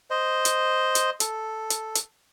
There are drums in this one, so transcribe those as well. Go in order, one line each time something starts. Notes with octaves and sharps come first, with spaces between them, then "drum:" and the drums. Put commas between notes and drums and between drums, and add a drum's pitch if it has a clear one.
C5 D#5
drum: hi-hat
drum: hi-hat
A4, drum: hi-hat
drum: hi-hat
drum: hi-hat